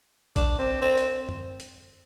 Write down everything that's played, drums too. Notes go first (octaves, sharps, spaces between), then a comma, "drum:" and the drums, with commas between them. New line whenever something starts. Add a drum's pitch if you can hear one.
D4, drum: kick A#1, hi-hat
C4
C4
drum: hi-hat
drum: tom F#2
drum: hi-hat